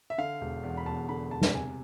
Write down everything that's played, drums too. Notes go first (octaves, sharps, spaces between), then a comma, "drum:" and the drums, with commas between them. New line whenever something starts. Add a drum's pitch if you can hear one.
E5
D3 F5
E1
E2
B5
E1 A5
D3 B5
E1 A5
drum: snare
C3 G#5